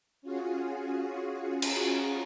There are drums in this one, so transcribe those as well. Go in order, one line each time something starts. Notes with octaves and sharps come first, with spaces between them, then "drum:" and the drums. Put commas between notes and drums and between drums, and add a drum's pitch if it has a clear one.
C#4 F4 F#4 G#4
drum: cymbal